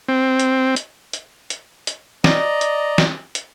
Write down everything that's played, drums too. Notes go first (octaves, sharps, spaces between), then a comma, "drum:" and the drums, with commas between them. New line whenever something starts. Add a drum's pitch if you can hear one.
C4
drum: hi-hat
drum: hi-hat
drum: hi-hat
drum: hi-hat
drum: hi-hat
D5 D#5 A#5, drum: snare
drum: hi-hat
drum: snare
drum: hi-hat